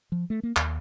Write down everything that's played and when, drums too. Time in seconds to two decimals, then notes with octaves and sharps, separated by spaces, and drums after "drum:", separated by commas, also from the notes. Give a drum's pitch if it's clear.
0.12 F3
0.30 A3
0.43 A#3
0.56 D#2, drum: clap